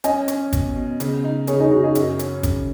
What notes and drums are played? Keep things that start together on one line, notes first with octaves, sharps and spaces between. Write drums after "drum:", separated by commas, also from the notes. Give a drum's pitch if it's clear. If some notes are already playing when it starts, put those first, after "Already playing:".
C#4 D#5 G#5, drum: hi-hat
C#4, drum: hi-hat
B2, drum: kick, hi-hat
B2
C#3, drum: hi-hat
D#4
C#3 G#4 C#5, drum: hi-hat
D#4 G#4
C#3 F#4
D#4 G#4
F#2 F#4, drum: hi-hat
C#4, drum: hi-hat
C#3, drum: kick, hi-hat